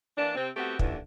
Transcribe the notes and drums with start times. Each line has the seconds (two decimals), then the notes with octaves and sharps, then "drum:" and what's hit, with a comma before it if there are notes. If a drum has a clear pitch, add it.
0.17 E3 A#3 D4
0.35 C3 C4
0.56 A3 B3 C4 F#4 G4
0.79 D#2 A#2 D3 E3, drum: kick